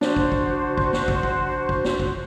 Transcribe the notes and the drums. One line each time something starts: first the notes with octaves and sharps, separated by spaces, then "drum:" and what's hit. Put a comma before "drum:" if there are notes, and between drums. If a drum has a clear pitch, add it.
D4 F#4 C5, drum: snare
drum: kick
drum: kick
drum: kick
drum: snare
drum: kick
drum: kick
drum: kick
drum: snare
drum: kick